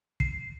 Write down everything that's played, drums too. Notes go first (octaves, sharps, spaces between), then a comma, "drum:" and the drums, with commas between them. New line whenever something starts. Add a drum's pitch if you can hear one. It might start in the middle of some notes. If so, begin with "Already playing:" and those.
C7, drum: kick